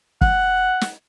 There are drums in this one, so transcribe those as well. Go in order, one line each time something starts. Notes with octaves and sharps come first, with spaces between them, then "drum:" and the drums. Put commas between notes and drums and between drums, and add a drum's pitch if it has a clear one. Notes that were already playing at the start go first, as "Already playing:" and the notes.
F#5, drum: kick F#1
drum: snare